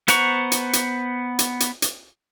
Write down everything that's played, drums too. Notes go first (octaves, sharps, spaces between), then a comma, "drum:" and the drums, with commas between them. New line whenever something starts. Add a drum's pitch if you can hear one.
B3 C5 F#5 A#5 C#6, drum: hi-hat
drum: hi-hat
drum: hi-hat
drum: hi-hat
drum: hi-hat
drum: hi-hat